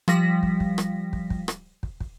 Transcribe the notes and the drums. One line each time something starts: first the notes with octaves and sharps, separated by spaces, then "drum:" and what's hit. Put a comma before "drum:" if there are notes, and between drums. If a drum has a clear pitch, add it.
F3 G3 A#6 B6, drum: rim click
drum: kick
drum: kick
drum: rim click
drum: kick
drum: kick
drum: rim click
drum: kick
drum: kick